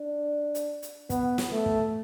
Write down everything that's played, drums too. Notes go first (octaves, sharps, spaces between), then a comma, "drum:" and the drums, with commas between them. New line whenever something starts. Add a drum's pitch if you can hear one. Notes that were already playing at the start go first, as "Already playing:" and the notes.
Already playing: D4
drum: hi-hat
drum: hi-hat
B3, drum: kick, hi-hat
drum: snare
A3
drum: kick